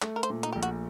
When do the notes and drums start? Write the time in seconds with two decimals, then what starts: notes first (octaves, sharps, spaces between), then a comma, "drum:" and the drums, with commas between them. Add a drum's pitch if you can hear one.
0.02 A3, drum: clap
0.16 A#4
0.23 C5, drum: hi-hat
0.30 A#2
0.43 D#4, drum: hi-hat
0.53 A#1 G4
0.63 F#4, drum: hi-hat